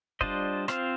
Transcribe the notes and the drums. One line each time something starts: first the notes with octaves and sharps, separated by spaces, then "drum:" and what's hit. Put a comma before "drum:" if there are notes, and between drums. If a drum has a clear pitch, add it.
G3 D4 F4 C5 D#5, drum: kick
C4 F4 C5 F5, drum: rim click